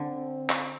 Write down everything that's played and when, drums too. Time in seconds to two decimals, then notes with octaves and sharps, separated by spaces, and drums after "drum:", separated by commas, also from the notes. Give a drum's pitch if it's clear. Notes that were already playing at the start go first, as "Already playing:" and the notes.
Already playing: D3 C4
0.49 drum: clap